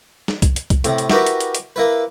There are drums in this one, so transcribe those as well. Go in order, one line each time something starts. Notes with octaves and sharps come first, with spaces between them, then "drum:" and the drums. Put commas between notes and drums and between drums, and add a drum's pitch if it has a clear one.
drum: snare
drum: kick, hi-hat
drum: hi-hat
drum: kick, hi-hat
A2 C3, drum: hi-hat
drum: hi-hat
E4 F#4 G4 A#4 B4, drum: snare
drum: hi-hat
drum: hi-hat
drum: hi-hat
A#3 E4 B4